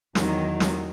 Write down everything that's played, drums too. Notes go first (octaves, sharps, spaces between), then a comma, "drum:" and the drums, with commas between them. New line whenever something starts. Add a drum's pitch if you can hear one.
E2 D#3 F#3, drum: snare
drum: snare